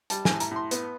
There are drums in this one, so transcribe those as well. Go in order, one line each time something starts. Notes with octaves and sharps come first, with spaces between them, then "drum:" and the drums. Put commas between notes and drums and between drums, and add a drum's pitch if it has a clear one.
G3 A5, drum: hi-hat
A2 G#5, drum: snare
A#5, drum: hi-hat
A2 C6
B3, drum: hi-hat